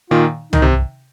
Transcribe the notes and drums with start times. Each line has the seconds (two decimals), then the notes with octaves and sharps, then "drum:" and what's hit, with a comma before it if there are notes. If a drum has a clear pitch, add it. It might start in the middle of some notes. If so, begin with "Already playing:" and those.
0.10 A#2 D#3 F4
0.53 D#3 D#4, drum: tom C2
0.62 C3